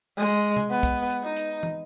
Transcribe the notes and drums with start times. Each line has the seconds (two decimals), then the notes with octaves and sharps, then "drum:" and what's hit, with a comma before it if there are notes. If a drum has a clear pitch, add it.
0.17 G#3
0.30 drum: hi-hat
0.56 drum: tom C3
0.70 B3
0.83 drum: kick, hi-hat
1.10 drum: hi-hat
1.23 D#4
1.36 drum: hi-hat
1.63 drum: tom